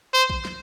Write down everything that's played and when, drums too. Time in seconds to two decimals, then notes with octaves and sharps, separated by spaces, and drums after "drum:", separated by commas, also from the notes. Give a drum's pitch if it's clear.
0.14 C5
0.30 drum: kick A#1
0.45 drum: snare